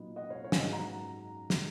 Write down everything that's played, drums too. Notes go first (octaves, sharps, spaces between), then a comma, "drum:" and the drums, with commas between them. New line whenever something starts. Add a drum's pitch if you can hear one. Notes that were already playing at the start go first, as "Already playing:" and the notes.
Already playing: A#2 F#3 B3 D#4
D#5 F#5
C#5 F5
C#5 F5
G#5, drum: snare
G#2 F#3 B3 D#4 D#5 F#5
F#5 A#5
drum: snare